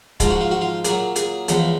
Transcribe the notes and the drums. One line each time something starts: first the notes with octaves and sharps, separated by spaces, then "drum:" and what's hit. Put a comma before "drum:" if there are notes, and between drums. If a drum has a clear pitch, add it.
G#2 F3 G#3 F4, drum: kick, hi-hat
F#4
F4
F#4
F4
A#2 F#3 G#4, drum: hi-hat
G#4, drum: hi-hat
E2 C#3 F3 G#3, drum: hi-hat